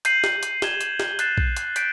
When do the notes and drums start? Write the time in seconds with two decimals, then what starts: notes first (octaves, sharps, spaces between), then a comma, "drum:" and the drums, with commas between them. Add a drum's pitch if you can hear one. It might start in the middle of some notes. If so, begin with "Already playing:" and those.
0.05 G6 C7 D#7 F#7, drum: hi-hat
0.24 drum: snare
0.43 drum: hi-hat
0.62 G#6 C7 E7 G7, drum: snare
0.81 drum: hi-hat
1.00 drum: snare
1.19 F#6 A6 C7 E7 G7, drum: hi-hat
1.38 drum: kick
1.57 drum: hi-hat
1.76 G6 B6 D7, drum: hi-hat